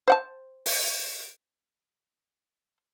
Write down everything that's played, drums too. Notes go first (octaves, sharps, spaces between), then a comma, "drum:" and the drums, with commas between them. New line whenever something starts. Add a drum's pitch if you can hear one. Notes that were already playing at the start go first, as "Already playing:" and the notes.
C5 F#5 A5
drum: open hi-hat